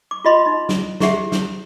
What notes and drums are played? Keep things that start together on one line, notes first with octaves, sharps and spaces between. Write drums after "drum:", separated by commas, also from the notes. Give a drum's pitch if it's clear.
D6
F4 F#4 D#5 B5 C6
D#4
drum: snare
E4 G4 G#4 E5 F#5, drum: snare
drum: snare